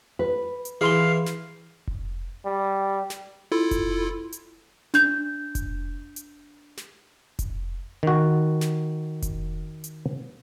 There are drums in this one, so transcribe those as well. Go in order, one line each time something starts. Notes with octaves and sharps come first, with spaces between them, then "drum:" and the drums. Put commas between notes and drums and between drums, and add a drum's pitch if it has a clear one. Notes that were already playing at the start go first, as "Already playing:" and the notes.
B4
drum: hi-hat
E3 G#4 F5 C6 G7
drum: snare
drum: kick F1
G3
drum: snare
E4 F4 A4
drum: kick F1, hi-hat
drum: hi-hat
D4 G6, drum: snare
drum: kick F1, hi-hat
drum: hi-hat
drum: snare
drum: kick F1, hi-hat
D#3 F#4
drum: snare
drum: kick F1, hi-hat
drum: hi-hat